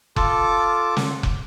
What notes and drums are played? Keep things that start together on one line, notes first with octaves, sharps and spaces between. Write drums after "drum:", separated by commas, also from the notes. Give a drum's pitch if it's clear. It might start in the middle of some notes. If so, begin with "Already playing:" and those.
F4 A4 A5 D6, drum: kick F1
drum: snare
drum: kick F1